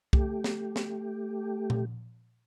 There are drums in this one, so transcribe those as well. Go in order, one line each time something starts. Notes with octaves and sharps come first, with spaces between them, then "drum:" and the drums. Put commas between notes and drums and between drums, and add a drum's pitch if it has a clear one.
A3 G4, drum: kick
drum: snare
drum: snare
drum: tom A#2